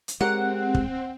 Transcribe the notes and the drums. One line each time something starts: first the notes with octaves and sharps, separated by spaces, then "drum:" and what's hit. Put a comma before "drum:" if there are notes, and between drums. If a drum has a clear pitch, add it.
drum: hi-hat
G#3 C4 G4 A#4 C#5 F#5
drum: kick